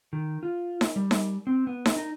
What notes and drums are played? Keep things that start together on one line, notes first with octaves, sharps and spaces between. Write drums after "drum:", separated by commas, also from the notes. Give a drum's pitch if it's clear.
D#3
F4
drum: snare D#4
G3
drum: snare D#4
C4
B3
drum: snare D#4
D#4